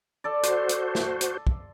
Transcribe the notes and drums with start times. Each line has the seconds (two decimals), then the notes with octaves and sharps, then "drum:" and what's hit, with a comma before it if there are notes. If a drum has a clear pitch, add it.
0.24 A4 D5
0.43 F#4 C5 C6, drum: hi-hat
0.69 drum: hi-hat
0.95 drum: snare
1.21 drum: hi-hat
1.47 drum: kick